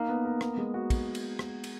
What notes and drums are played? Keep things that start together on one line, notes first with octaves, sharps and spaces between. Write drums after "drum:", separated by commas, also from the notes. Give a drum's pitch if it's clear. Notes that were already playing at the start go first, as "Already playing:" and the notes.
Already playing: A#3 D#4
B3
A#4
B3, drum: rim click
G#3
F#4
drum: kick, cymbal
drum: cymbal
drum: rim click
drum: cymbal